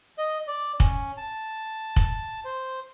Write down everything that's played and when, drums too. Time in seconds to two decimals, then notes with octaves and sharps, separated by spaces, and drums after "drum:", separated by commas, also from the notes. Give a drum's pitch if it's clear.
0.18 D#5
0.47 D5
0.80 C#4, drum: kick
1.17 A5
1.96 drum: kick
2.45 C5